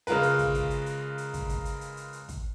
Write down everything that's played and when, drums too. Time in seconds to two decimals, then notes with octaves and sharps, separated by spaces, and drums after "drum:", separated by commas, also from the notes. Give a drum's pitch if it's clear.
0.07 C#3 G#3 F4 A#4 B4, drum: hi-hat
0.23 drum: hi-hat
0.39 drum: kick, hi-hat
0.55 drum: kick, hi-hat
0.70 drum: hi-hat
0.86 drum: hi-hat
1.18 drum: hi-hat
1.34 drum: kick, hi-hat
1.49 drum: kick, hi-hat
1.65 drum: hi-hat
1.81 drum: hi-hat
1.97 drum: hi-hat
2.13 drum: hi-hat
2.29 drum: kick, hi-hat